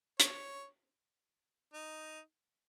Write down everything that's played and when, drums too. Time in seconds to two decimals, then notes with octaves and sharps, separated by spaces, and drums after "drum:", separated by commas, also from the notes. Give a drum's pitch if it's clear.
0.20 C#5, drum: hi-hat
1.74 D#4